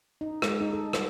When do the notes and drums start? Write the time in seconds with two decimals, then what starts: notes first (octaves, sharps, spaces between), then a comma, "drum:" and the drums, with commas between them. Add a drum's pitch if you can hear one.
0.21 D#4
0.42 G#3, drum: rim click
0.61 D#4
0.73 A4
0.93 G3, drum: rim click